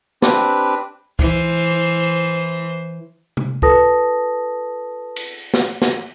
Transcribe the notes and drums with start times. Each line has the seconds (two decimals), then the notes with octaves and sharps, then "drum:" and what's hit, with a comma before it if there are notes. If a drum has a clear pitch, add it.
0.22 C4 D4 G4 B4, drum: snare
1.19 E3 C5, drum: kick C#2
3.37 drum: tom
3.62 F4 A4 B4 A5 D#6 A#6, drum: kick C#2
5.16 drum: cymbal
5.54 drum: snare
5.82 drum: snare